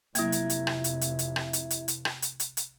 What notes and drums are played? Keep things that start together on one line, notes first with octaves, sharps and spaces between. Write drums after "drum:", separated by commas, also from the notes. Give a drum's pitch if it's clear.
F1 F#3 A#3 E4 E5 G#6, drum: hi-hat
drum: hi-hat
drum: hi-hat
drum: rim click
drum: hi-hat
drum: hi-hat
drum: hi-hat
drum: rim click
drum: hi-hat
drum: hi-hat
drum: hi-hat
drum: rim click
drum: hi-hat
drum: hi-hat
drum: hi-hat